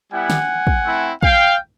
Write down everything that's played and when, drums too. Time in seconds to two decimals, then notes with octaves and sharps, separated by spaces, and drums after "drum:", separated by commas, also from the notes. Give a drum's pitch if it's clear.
0.11 G3 B3 E4 G4 F#5 G#5
0.30 drum: snare
0.67 drum: kick
0.85 A3 C4 E4
1.23 F5 G5, drum: kick